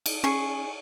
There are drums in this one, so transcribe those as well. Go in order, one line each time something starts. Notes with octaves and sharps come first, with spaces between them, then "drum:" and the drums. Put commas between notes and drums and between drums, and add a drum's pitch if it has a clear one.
drum: cymbal
C#4 G#4 C#6